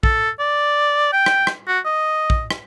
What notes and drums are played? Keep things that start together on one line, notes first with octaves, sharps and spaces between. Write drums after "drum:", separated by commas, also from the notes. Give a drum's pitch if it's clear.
A4, drum: kick
D5
G5
drum: rim click
drum: rim click
F#4
D#5
drum: kick
drum: rim click